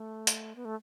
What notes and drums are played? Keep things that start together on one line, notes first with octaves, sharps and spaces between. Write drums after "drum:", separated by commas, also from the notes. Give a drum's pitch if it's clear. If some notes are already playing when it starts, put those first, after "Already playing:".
Already playing: A3
drum: hi-hat
B3
A3